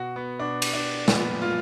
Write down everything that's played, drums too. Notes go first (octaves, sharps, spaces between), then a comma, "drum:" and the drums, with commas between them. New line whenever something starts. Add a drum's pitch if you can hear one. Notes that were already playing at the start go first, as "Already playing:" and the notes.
Already playing: B2 F#4
B3
B2 D4
drum: cymbal
D4
A#2 F3 B3, drum: snare
F4